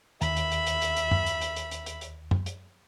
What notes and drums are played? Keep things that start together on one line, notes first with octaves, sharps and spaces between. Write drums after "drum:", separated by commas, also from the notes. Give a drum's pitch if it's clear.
D#2 E5 B5, drum: hi-hat
drum: hi-hat
drum: hi-hat
drum: hi-hat
drum: hi-hat
drum: hi-hat
drum: tom F#2
drum: hi-hat
drum: hi-hat
drum: hi-hat
drum: hi-hat
drum: hi-hat
drum: hi-hat
drum: tom F#2
drum: hi-hat